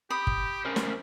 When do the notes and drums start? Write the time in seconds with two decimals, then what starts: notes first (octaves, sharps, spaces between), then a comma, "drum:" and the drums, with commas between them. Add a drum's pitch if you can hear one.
0.10 G4 B5 D#6
0.27 drum: kick G1
0.65 C#4 A#4 C5
0.76 drum: snare